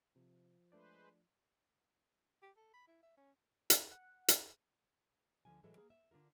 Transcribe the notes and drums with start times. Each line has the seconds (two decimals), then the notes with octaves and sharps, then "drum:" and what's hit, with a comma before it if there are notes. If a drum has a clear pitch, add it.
0.16 C3 F3
0.72 G#3 A3 D4 B4 C5 D5
2.42 G4
2.57 A4
2.74 B5
2.88 E4
3.03 E5
3.17 C#4
3.70 drum: hi-hat
3.91 F#5
4.28 drum: hi-hat
5.45 D2 D3 F3 G#5
5.63 A2 E3 F#3 G#3 A4 E5
5.77 A#3 G#4
5.90 E5
6.11 D3 D4 F4 A#4